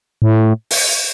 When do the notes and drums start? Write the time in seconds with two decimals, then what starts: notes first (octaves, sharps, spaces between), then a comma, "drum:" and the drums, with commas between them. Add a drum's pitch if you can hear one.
0.22 A2
0.71 drum: open hi-hat